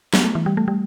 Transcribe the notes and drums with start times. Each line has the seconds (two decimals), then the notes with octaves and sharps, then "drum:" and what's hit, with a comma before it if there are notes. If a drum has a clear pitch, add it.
0.14 B3, drum: snare
0.24 A3
0.35 E3
0.46 G3
0.57 A3
0.68 G3